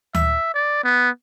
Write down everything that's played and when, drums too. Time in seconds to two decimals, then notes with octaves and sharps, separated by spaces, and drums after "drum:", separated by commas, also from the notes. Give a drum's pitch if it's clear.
0.15 E5, drum: tom D2
0.54 D5
0.84 B3